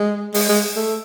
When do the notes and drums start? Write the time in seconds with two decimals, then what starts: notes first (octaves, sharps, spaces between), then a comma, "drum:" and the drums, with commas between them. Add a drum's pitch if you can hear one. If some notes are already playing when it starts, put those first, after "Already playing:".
Already playing: G#3
0.34 G#3, drum: open hi-hat
0.49 G#3
0.76 A3